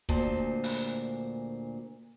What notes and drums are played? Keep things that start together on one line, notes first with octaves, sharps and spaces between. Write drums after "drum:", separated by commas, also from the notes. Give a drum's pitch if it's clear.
D2 A#2 C5 A5, drum: kick
drum: open hi-hat